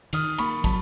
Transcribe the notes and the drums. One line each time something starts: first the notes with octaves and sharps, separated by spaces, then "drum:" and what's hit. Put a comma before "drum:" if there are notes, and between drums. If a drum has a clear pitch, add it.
D#3 D#6 F6, drum: cymbal
A#3 B5 C#6, drum: cymbal
F#3 A5 B5, drum: kick, cymbal